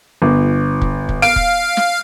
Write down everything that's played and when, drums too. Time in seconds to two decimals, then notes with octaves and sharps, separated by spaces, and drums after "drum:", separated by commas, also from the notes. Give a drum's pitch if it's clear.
0.22 G1
0.81 drum: kick
1.09 drum: kick
1.22 F5 D7
1.36 drum: kick
1.77 drum: snare